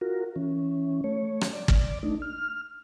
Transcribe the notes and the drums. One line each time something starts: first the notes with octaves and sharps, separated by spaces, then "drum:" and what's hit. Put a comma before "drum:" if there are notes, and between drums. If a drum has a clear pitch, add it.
F4 F#4 A#4
E3 C#4
A3 C#5
drum: rim click
D5
drum: kick
A3 D4 D#4
F6